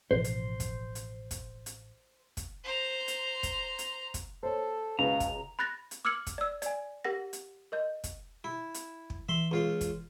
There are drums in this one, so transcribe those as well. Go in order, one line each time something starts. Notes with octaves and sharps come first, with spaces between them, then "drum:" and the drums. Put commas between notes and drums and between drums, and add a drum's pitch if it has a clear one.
A1 B2 F3 C5
drum: hi-hat
drum: kick, hi-hat
drum: hi-hat
drum: kick, hi-hat
drum: hi-hat
drum: kick, hi-hat
C5 A#5
drum: hi-hat
drum: kick, hi-hat
drum: hi-hat
drum: kick, hi-hat
A4 C5 C#5
C#2 B2 B4 F5 A#5
drum: kick, hi-hat
B5 F#6 A6 A#6
drum: hi-hat
D6 E6 F6 G#6 C#7 F#7
drum: kick, hi-hat
D5 E6
D5 G#5, drum: hi-hat
G4 A#4 F#5 A#6
drum: hi-hat
A#4 D#5 G6
drum: kick, hi-hat
E4
drum: hi-hat
drum: kick
E3 E5 C6
C#2 F4 F5
drum: kick, hi-hat